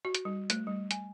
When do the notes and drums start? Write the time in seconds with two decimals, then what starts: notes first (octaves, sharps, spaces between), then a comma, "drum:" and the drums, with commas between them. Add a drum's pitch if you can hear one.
0.05 F#4
0.15 drum: hi-hat
0.25 G3
0.50 A3, drum: hi-hat
0.67 G3
0.91 G#5, drum: hi-hat